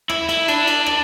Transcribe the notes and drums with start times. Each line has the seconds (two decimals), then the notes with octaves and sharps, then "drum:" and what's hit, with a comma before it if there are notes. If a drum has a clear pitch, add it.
0.10 E4, drum: rim click
0.29 E4, drum: cymbal
0.48 D4, drum: cymbal
0.67 drum: cymbal
0.86 drum: rim click